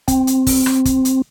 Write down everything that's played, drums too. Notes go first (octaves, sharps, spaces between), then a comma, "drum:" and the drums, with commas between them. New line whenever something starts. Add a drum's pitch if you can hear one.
C4, drum: kick, hi-hat
drum: hi-hat
drum: kick, open hi-hat
drum: rim click
drum: kick, hi-hat
drum: hi-hat